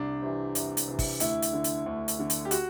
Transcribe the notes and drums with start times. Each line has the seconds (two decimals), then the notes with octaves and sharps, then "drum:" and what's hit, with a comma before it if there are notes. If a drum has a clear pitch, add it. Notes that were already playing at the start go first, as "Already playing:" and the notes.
Already playing: C2 D4
0.22 C3 E3
0.55 C2, drum: hi-hat
0.77 drum: hi-hat
0.88 C3 E3
0.99 drum: kick, open hi-hat
1.20 D2 E4, drum: hi-hat
1.42 drum: hi-hat
1.53 D3
1.64 drum: hi-hat
1.86 D2
2.08 drum: hi-hat
2.19 D3
2.30 drum: hi-hat
2.45 G4
2.51 F#4, drum: hi-hat